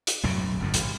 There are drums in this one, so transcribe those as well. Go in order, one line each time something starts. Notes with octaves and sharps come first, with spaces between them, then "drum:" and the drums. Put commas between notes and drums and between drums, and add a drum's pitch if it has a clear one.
drum: hi-hat
B1 F#2 A2 C#3
G1 F2 A2
G1, drum: hi-hat